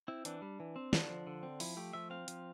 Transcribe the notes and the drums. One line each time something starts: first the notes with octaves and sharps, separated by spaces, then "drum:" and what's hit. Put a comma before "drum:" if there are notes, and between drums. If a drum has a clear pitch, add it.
C4 E4
E3 D4, drum: hi-hat
G3
E3
C4
D3 D4, drum: snare
F3
D3
C4
F3 E4, drum: open hi-hat
A3 G4
F3 E5
C4 F5
F3, drum: hi-hat